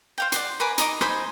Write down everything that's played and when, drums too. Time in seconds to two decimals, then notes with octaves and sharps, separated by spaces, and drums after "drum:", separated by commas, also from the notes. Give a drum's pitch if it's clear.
0.18 C5 F5 G5
0.32 D5 F#5 C6, drum: hi-hat
0.60 A#4 B4 G#5 D6
0.78 D#4 D#5 A#5 D6, drum: hi-hat
1.01 D#4 C5 G#5 B5, drum: rim click